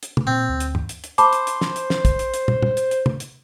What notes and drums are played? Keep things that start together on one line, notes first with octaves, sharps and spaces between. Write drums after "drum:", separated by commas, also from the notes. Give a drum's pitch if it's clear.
drum: hi-hat
drum: tom
A#2 C4
D2
drum: hi-hat
drum: tom G2
drum: hi-hat
drum: hi-hat
C5 A5 B5 D6, drum: hi-hat
drum: hi-hat
drum: hi-hat
drum: snare
drum: hi-hat
drum: snare
drum: kick, hi-hat
drum: hi-hat
drum: hi-hat
drum: tom
drum: tom
drum: hi-hat
drum: hi-hat
drum: tom
drum: hi-hat